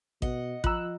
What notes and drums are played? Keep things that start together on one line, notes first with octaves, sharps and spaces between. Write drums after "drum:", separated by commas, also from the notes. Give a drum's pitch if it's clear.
B2 D#5 F#5, drum: kick A1
F3 F4 A#5 E6 F#6, drum: kick A1